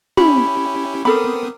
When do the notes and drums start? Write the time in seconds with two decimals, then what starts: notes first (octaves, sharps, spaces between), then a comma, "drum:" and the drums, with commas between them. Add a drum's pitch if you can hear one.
0.17 C#4 E4 G4 B5, drum: tom
1.05 B3 C4 A4 A#4 B5 D6 D#6